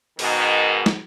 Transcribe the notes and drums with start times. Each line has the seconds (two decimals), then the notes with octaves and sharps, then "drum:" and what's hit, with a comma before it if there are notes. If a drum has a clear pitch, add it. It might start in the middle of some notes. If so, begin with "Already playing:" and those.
0.19 G#2 B2 D#3, drum: open hi-hat
0.86 drum: snare